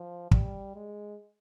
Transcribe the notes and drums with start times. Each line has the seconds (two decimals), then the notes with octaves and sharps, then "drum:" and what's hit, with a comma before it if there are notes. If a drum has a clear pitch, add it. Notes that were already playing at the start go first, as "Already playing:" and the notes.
Already playing: F3
0.31 G3, drum: kick
0.75 G#3